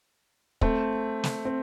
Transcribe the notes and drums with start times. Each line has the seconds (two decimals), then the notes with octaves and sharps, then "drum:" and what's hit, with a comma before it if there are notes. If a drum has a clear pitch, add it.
0.61 A3 C4, drum: kick
1.24 drum: snare
1.45 C4